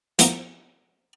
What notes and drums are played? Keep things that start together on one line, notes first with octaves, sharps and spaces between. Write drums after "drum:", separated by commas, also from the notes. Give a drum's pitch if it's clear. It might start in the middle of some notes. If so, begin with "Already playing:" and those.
F3 A#3 B3 E4, drum: hi-hat